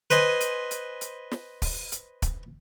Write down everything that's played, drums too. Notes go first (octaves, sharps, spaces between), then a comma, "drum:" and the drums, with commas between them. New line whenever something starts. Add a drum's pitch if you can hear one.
B4 C5 D#5 G#5, drum: hi-hat
drum: hi-hat
drum: hi-hat
drum: hi-hat
drum: snare
drum: kick, open hi-hat
drum: hi-hat
drum: kick, hi-hat